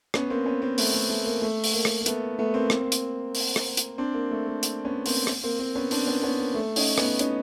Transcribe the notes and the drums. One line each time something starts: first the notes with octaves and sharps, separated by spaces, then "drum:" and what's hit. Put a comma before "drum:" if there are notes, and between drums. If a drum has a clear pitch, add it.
B3 C#4, drum: rim click
A#3 C4
B3 C#4
A#3 C4
A3 B3, drum: open hi-hat
A3
A3
A#3
A3
drum: open hi-hat
A#3
drum: rim click
A#3
A3 B3, drum: hi-hat
A3 B3
A#3 C4
A#3 C4, drum: rim click
drum: hi-hat
drum: open hi-hat
drum: rim click
drum: hi-hat
C4 D4
A#3
A3
A#3
drum: hi-hat
B3 C#4
A#3 C4, drum: open hi-hat
drum: rim click
A#3 C4
A#3 C4
B3 C#4
C4 D4, drum: open hi-hat
B3 C#4
B3 C#4
A#3
A3
C#4 D#4, drum: open hi-hat
B3 C#4, drum: rim click
C#4 D#4, drum: hi-hat